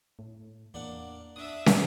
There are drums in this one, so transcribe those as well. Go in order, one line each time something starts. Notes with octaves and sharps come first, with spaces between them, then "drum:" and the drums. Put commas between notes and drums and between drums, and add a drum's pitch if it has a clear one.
A2
E2 A#3 D4 F#5
D4 E5 D#6
drum: snare